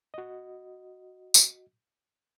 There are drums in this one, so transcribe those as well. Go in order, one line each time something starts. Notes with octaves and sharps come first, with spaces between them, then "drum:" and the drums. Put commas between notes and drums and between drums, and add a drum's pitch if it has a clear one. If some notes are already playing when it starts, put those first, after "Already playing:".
F#4 D#5
drum: tambourine